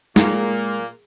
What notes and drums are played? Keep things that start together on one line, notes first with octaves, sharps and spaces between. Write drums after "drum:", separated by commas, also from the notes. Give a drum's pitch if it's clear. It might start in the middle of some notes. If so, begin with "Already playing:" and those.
A#2 G#3 A#3, drum: snare